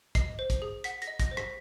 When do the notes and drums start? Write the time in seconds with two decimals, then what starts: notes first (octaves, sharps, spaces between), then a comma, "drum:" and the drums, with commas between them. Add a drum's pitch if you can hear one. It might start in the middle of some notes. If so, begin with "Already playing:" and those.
0.15 D#5 C7, drum: kick, hi-hat
0.39 C5
0.50 drum: kick, hi-hat
0.62 G#4
0.84 F#5 B6, drum: hi-hat
1.02 A#6, drum: hi-hat
1.07 D#5
1.20 A#6, drum: kick, hi-hat
1.31 C5
1.37 B6, drum: rim click